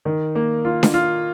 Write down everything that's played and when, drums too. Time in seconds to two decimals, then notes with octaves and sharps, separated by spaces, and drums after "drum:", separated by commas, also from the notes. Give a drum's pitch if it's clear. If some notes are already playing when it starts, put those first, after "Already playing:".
0.05 D#3
0.35 A#3
0.65 F4
0.83 drum: snare D4
0.94 F4